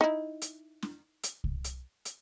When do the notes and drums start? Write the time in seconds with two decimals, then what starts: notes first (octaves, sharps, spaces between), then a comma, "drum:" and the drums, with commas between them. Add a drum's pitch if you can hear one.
0.01 D#4 E4
0.42 drum: hi-hat
0.82 drum: snare
1.23 drum: hi-hat
1.44 drum: kick C2
1.64 drum: hi-hat
2.05 drum: hi-hat